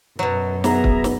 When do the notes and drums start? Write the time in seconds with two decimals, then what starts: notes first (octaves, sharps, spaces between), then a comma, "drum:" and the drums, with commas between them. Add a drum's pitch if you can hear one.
0.19 F#2 B2 F#3
0.64 B3 G#4 E5 A#5, drum: snare
0.84 drum: kick
1.04 drum: snare